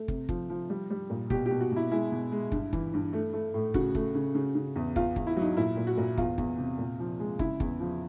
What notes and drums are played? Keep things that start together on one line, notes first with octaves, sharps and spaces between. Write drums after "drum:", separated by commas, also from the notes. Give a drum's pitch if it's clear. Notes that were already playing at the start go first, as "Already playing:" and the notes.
Already playing: A3
C3, drum: kick
F3, drum: kick
F3
G3
G3
A#2
B2 G4, drum: kick
B2 G4
F#4
B2 E4
G#3 E4
B2
G#3
G2, drum: kick
E3, drum: kick
G2
A3
A3
A2
C#3 F#4, drum: kick
A3, drum: kick
C#3
C#3
C#3
E2
E2 F4, drum: kick
E2, drum: kick
E4
F#3
D#4
A#2 E4
A#2
F#4
A#2
E2 F4, drum: kick
E2, drum: kick
C3
A#2
F3
G#3
C#3 E4, drum: kick
E2, drum: kick
F3